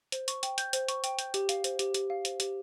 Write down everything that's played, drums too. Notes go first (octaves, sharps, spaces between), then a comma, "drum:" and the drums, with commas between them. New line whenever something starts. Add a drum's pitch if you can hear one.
C5, drum: hi-hat
C#6, drum: hi-hat
G5, drum: hi-hat
G6, drum: hi-hat
C5, drum: hi-hat
C#6, drum: hi-hat
G5, drum: hi-hat
G6, drum: hi-hat
G4, drum: hi-hat
F5, drum: hi-hat
C5, drum: hi-hat
G4, drum: hi-hat
G4, drum: hi-hat
F5
C5, drum: hi-hat
G4, drum: hi-hat